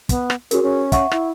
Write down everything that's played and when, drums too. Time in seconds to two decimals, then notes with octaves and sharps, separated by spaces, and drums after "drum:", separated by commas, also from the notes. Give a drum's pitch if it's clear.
0.09 B3, drum: kick, hi-hat
0.30 drum: rim click
0.51 C#4 F#4 G#4 A#4, drum: hi-hat
0.63 C#4
0.92 E5 F#5 C#6, drum: kick, hi-hat
1.11 E4, drum: rim click